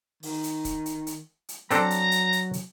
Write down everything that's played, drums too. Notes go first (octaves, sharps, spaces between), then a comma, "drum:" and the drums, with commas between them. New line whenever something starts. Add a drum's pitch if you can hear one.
D#3, drum: open hi-hat
drum: hi-hat
drum: kick C#1, hi-hat
drum: hi-hat
drum: hi-hat
drum: hi-hat
F#3 C4 D4 A4 A#5, drum: hi-hat
drum: hi-hat
drum: hi-hat
drum: hi-hat
drum: hi-hat